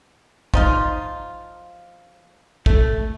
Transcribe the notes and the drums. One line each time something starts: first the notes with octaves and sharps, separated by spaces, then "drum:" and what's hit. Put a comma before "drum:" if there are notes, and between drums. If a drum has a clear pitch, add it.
F3 D#4 F4, drum: kick
A3, drum: kick